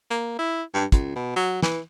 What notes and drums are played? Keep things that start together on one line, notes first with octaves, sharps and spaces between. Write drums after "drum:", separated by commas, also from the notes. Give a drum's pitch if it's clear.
A#3
E4
G2
C#2, drum: kick, hi-hat
B2
F#3
E3, drum: snare